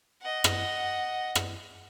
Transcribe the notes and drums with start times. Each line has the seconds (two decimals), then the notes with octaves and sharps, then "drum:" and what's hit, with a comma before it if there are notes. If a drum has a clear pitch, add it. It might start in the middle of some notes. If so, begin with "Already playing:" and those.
0.21 D#5 F#5
0.44 drum: rim click
1.35 drum: rim click